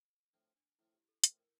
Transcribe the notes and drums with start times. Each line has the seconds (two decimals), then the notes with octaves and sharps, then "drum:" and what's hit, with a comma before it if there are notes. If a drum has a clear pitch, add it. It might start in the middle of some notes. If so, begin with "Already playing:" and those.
0.33 A2 F3 C4 D4
0.56 D4
0.79 A2 F3 C4 E4
0.94 G4
1.09 A4
1.24 A2 F3 C4 A#4, drum: hi-hat
1.39 A#4